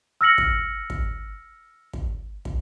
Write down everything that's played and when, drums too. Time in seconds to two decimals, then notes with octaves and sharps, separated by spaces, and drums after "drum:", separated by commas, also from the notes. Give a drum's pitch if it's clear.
0.21 E6 F6 A#6 C#7 F#7
0.38 drum: kick
0.90 drum: kick
1.93 drum: kick
2.45 drum: kick